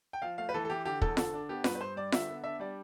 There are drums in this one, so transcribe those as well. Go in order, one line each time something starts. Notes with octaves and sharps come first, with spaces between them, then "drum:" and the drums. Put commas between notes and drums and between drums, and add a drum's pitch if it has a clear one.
G5
F3 F5
A3 F5
B4
E3 A4
A4
E3 G4
D3 G4
E2 A4, drum: kick
D3 A4, drum: snare F4
D4
B3 G4
G2 B4, drum: snare F4
B4
G2 C5
G3 D5
D3 E5, drum: snare F4
B3
D4 E5
G3 D5